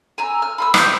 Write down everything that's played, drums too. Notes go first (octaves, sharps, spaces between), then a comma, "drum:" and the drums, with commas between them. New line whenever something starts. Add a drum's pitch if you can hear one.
G#5 A#5 E6
F6
B5 C6 E6
C5 G6, drum: rim click